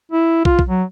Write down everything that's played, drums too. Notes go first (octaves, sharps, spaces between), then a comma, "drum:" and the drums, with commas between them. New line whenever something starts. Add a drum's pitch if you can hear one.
E4
F4, drum: kick
drum: kick
F#3